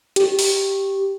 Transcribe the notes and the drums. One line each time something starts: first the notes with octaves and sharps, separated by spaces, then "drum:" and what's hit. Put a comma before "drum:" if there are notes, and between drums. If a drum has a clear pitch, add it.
G4, drum: hi-hat
drum: open hi-hat